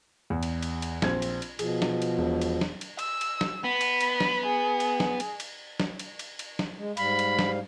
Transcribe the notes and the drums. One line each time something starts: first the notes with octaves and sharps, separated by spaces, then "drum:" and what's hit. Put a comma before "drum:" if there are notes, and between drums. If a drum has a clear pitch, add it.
E2
drum: cymbal
drum: cymbal
drum: cymbal
A#1 C4 G#6, drum: snare
drum: cymbal
drum: cymbal
B2 F3 G#4, drum: cymbal
drum: snare
drum: cymbal
E1
drum: cymbal
drum: snare
drum: cymbal
E6, drum: cymbal
drum: cymbal
drum: snare
B3 B5
drum: cymbal
drum: cymbal
drum: snare
G#4
drum: cymbal
drum: snare
drum: cymbal
drum: cymbal
drum: snare
drum: cymbal
drum: cymbal
drum: cymbal
drum: snare
G#3
G#2 G3 F5 B5, drum: cymbal
drum: cymbal
drum: snare